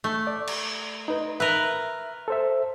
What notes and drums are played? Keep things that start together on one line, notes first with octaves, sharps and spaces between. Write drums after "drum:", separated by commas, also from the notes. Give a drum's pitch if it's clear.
A3
D5
drum: cymbal
D#4 B4
A#4 B4 E5
A4 C5 E5